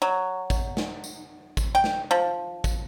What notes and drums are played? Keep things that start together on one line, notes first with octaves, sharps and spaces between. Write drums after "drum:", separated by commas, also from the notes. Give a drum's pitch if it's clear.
F#3
drum: kick, tambourine
drum: snare
drum: tambourine
drum: kick, tambourine
G5
drum: snare
F3
drum: kick, tambourine